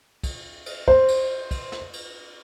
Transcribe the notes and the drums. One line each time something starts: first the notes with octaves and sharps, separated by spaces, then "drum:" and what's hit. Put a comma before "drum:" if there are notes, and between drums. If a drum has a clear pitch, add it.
drum: kick, cymbal
drum: cymbal
C5, drum: kick
drum: cymbal
drum: kick, cymbal
drum: snare
drum: cymbal